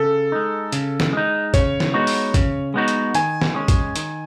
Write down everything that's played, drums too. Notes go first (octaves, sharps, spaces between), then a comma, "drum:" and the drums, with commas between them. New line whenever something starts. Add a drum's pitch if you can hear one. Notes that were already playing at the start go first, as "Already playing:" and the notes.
Already playing: C#3 A4
G#3 D#4
C#3, drum: hi-hat
drum: snare
G#3 D#4
C#3 C#5, drum: kick, hi-hat
drum: snare
G#3 B3 D#4 F#4
drum: open hi-hat
C#3, drum: kick, hi-hat
G#3 B3 D#4 F#4
drum: hi-hat
D#3 G#5, drum: hi-hat
drum: snare
G#3 C#4
drum: kick, hi-hat
D#3, drum: hi-hat